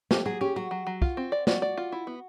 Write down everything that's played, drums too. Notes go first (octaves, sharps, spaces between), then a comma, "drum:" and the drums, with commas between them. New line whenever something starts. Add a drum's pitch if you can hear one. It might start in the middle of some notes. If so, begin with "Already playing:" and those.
A3 G4, drum: snare
F#3 G#4
C#4 G4
F#3 F#4
F#3
F#3
F4, drum: kick
C4
D5
F#4 D5, drum: snare
D5
F4
E4
B3